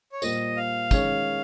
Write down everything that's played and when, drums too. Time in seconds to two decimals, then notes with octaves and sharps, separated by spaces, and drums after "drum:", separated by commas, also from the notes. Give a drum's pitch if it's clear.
0.12 C#5
0.22 A#2 G3 A#3 F4 C5 D#5, drum: tambourine
0.57 F5
0.91 D#3 G#3 C#4 G#4 C#5, drum: kick, tambourine